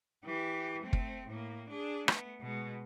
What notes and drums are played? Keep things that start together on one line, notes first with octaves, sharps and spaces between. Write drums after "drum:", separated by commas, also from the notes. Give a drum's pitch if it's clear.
E3 G4
A3 C4
drum: kick
A2 A#3
D4 G#4
A3 B3, drum: rim click
B2 G#3